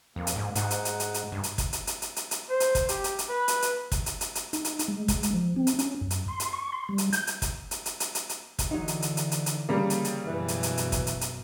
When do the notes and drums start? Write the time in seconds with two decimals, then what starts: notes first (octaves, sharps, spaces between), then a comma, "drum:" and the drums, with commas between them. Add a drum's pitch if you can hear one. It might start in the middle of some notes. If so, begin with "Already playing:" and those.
0.16 F2 A#3
0.27 drum: hi-hat
0.36 G#2
0.55 G#2 D#4 F#5, drum: hi-hat
0.70 drum: hi-hat
0.85 drum: hi-hat
1.00 drum: hi-hat
1.14 drum: hi-hat
1.32 G2
1.43 drum: hi-hat
1.58 drum: kick, hi-hat
1.73 drum: hi-hat
1.87 drum: hi-hat
2.02 drum: hi-hat
2.16 drum: hi-hat
2.31 drum: hi-hat
2.50 C5
2.60 drum: hi-hat
2.75 drum: kick, hi-hat
2.89 G4, drum: hi-hat
3.04 drum: hi-hat
3.19 drum: hi-hat
3.29 B4
3.48 drum: hi-hat
3.62 drum: hi-hat
3.92 drum: kick, hi-hat
4.06 drum: hi-hat
4.21 drum: hi-hat
4.35 drum: hi-hat
4.53 D#4, drum: hi-hat
4.65 drum: hi-hat
4.79 drum: hi-hat
4.88 G#3
5.08 drum: kick, hi-hat
5.23 drum: hi-hat
5.33 F3
5.56 C4
5.67 drum: hi-hat
5.79 C#4, drum: hi-hat
6.01 F#2
6.10 drum: hi-hat
6.28 C6
6.40 drum: hi-hat
6.53 C#6
6.72 C6
6.89 G3
6.98 drum: hi-hat
7.13 G6, drum: hi-hat
7.27 drum: hi-hat
7.42 drum: kick, hi-hat
7.71 drum: hi-hat
7.86 drum: hi-hat
8.00 drum: hi-hat
8.15 drum: hi-hat
8.29 drum: hi-hat
8.59 drum: kick, hi-hat
8.71 D3 E3 F#3 D#4
8.88 drum: hi-hat
9.02 drum: hi-hat
9.17 drum: hi-hat
9.32 drum: hi-hat
9.46 drum: hi-hat
9.69 C#3 G3 A#3
9.90 drum: hi-hat
10.05 drum: hi-hat
10.25 F#2 B2 E3
10.48 drum: hi-hat
10.63 drum: hi-hat
10.77 drum: hi-hat
10.92 drum: kick, hi-hat
11.07 drum: hi-hat
11.21 drum: hi-hat